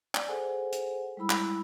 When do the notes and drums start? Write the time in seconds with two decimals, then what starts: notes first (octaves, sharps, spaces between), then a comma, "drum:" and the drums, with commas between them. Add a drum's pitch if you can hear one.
0.15 D5, drum: clap
0.27 G#4 A4 C5 F#5 G#5
0.72 drum: hi-hat
1.17 G3 G#3 E4 B5 E6
1.30 drum: clap